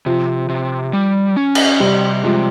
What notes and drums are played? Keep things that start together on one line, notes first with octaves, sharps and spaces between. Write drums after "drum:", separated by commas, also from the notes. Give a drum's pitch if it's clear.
C3 F3
C3
G3
C#4
drum: cymbal
C3 G3
C3 F3 G#3